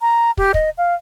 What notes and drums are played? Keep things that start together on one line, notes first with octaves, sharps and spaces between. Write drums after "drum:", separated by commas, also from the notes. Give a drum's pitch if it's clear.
A#5
G4, drum: kick
D#5, drum: kick
F5